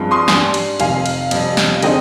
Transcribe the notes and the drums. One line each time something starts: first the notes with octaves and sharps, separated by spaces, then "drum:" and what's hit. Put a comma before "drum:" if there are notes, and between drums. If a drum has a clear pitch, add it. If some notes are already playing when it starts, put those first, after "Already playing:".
Already playing: G2 F3 G#3 C4 F4
C6 D#6
G#2 G3 D4 G#5 C6, drum: snare
drum: cymbal
F1 F2 C3 D#3 F5 G#5, drum: cymbal
drum: cymbal
F2 C3 G3, drum: cymbal
drum: snare
D3 G#3 C4 D#4 D#5 G5, drum: cymbal